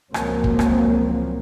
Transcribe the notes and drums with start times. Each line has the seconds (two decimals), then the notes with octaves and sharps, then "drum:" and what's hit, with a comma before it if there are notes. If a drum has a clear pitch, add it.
0.14 C#2 A#2 F3 F#3 A#3 C4, drum: rim click
0.44 drum: kick
0.59 drum: rim click